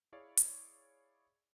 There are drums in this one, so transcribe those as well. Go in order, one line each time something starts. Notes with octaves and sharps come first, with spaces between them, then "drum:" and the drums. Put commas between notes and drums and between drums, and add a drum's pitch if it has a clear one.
E4 G#4 C#5 D5 F5
drum: hi-hat